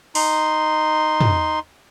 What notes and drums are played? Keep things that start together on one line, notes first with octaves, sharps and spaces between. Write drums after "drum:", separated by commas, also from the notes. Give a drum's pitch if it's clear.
D#4 C6, drum: open hi-hat
drum: tom